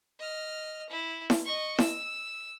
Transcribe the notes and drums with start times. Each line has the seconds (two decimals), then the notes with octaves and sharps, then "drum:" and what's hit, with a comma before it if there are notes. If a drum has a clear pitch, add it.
0.19 D#5 F6
0.89 E4
1.30 drum: snare E4
1.45 D#5 C#6
1.79 E6, drum: snare E4